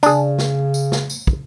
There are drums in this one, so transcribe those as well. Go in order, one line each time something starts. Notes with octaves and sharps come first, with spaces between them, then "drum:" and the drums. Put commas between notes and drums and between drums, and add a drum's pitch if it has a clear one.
C#3 D4 G#4, drum: tambourine
drum: snare
drum: tambourine
drum: snare
drum: tambourine
drum: kick